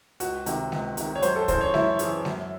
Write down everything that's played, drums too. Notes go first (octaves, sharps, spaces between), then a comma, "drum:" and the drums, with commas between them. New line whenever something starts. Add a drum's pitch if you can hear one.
C#2 F#4, drum: hi-hat
C3 D#3, drum: hi-hat
C#2, drum: snare G#3
C3 D#3, drum: hi-hat
C#5
F#2 C5, drum: hi-hat
A4
C#3 E3 C5, drum: kick, hi-hat
C#5
F#2 E4, drum: snare G#3
C#3 E3, drum: hi-hat
F#2, drum: snare G#3